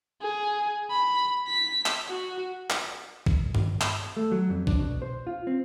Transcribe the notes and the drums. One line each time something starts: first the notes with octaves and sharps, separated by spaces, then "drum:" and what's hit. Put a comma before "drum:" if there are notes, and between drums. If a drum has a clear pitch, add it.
G#4
B5
B6
drum: clap
F#4
drum: clap
drum: kick A#1
drum: tom G2
B5, drum: clap
A3
F#3
F2
D4, drum: kick A#1
B2
C5
F4
C4